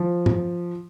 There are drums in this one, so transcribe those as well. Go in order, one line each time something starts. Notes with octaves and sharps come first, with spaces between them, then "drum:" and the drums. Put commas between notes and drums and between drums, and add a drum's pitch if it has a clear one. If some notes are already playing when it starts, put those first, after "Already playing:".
Already playing: F3
drum: tom G2